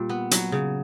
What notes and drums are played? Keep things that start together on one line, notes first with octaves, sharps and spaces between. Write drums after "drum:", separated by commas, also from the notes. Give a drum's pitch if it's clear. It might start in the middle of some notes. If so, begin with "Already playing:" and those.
Already playing: A#2 G3
B3
F#3, drum: hi-hat
C#3